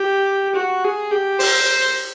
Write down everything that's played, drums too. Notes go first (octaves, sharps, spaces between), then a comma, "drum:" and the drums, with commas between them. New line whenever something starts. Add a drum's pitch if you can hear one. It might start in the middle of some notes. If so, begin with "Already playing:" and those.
Already playing: G4
F#4
G#4
G4
C5, drum: open hi-hat